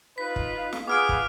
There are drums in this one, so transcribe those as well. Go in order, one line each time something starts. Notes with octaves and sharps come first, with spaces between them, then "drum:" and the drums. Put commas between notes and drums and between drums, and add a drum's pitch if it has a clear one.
D#4 F4 B4 B6
drum: kick
drum: snare
B3 F4 G#4 D6 F6 D7
drum: kick